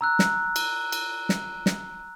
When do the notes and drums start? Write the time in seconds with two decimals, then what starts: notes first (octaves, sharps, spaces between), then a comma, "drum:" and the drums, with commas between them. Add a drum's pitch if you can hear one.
0.01 A#5 E6 F#6
0.19 drum: snare
0.56 drum: cymbal
0.92 drum: cymbal
1.29 drum: snare
1.66 drum: snare